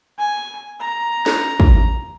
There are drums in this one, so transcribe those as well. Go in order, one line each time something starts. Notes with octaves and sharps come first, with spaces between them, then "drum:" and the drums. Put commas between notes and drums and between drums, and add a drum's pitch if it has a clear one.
G#5
A#5
drum: snare
drum: kick